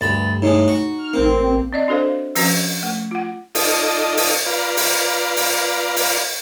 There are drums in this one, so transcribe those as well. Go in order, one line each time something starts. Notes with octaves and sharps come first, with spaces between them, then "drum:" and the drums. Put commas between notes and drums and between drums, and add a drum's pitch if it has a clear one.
D2 G2 B5 A6
A2 G#3 D#4
F#4
F6
A1 A#3 C4
C4 D5 D#5
D4 F#4 A4 C5 F5
F3 C#4 F#4, drum: open hi-hat
A3
F4 F#5
D#4 F4 A4 D5 D#5, drum: open hi-hat
drum: open hi-hat
F4 B4 D5 F5 A#5
drum: open hi-hat
drum: open hi-hat
drum: open hi-hat